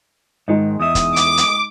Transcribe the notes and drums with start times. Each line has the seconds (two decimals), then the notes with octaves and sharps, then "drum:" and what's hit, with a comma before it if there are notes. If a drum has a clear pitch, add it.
0.48 G#2 D#3 G#3 D#4 D#5
0.80 E2 E5 D#6
0.95 drum: kick, hi-hat
1.16 D6, drum: hi-hat
1.37 drum: hi-hat